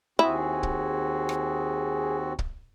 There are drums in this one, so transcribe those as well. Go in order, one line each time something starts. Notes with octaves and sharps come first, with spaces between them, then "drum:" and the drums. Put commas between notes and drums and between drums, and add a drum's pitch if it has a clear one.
D#2 C4 E4 F#4 G#4
drum: kick
drum: rim click
drum: kick